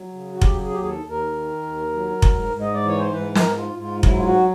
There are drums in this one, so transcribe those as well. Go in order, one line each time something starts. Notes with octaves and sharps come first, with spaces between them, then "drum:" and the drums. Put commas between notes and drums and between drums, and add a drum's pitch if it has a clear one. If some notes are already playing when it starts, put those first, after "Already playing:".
Already playing: F#3
C#3
F#4
F#3 G4, drum: kick F1
G#4
D#2 G4
G#4
A4
D#2
A#4
D#3
D#2
F#3
G#2, drum: kick F1
G#2
D#5
D5
E3 C#5
C5
G#2 B4
A#4, drum: snare
G#2
F4
G#2
F4
F#3 E4, drum: kick F1
F4
F#4